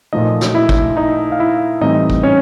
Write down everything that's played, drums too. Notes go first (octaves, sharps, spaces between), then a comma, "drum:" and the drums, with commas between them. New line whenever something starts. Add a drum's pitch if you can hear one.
A#2 F3 A3 D#4 D#5
drum: snare
E4 E5
drum: kick
D#4 D#5
F5
E4 E5
A2 E3 G3 C4 D#4 D#5
drum: kick
C#4 C#5